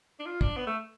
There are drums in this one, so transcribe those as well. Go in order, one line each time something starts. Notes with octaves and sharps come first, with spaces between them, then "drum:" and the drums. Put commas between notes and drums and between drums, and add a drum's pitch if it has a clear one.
D4
F4
D4, drum: kick
B3
A3